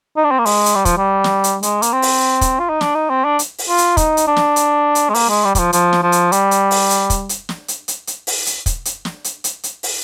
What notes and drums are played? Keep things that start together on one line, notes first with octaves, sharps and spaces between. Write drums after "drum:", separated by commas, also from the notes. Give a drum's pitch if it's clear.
D#4
D4
C4
A#3
G#3, drum: open hi-hat
drum: hi-hat
G3
F3, drum: kick, hi-hat
G3
drum: snare
drum: hi-hat
G#3, drum: hi-hat
A#3, drum: hi-hat
C4
drum: open hi-hat
drum: kick, hi-hat
F4
D#4
D4, drum: snare
D#4
C4
D4
drum: hi-hat
drum: open hi-hat
F4
drum: hi-hat
D#4, drum: kick, hi-hat
drum: hi-hat
D4
drum: snare
drum: hi-hat
drum: hi-hat
G#3
A#3, drum: open hi-hat
G#3
G3
G3, drum: kick, hi-hat
F3
F3, drum: hi-hat
drum: snare
F3
drum: hi-hat
G3, drum: hi-hat
drum: hi-hat
drum: open hi-hat
drum: hi-hat
drum: kick, hi-hat
drum: hi-hat
drum: snare
drum: hi-hat
drum: hi-hat
drum: hi-hat
drum: open hi-hat
drum: hi-hat
drum: kick, hi-hat
drum: hi-hat
drum: snare
drum: hi-hat
drum: hi-hat
drum: hi-hat
drum: open hi-hat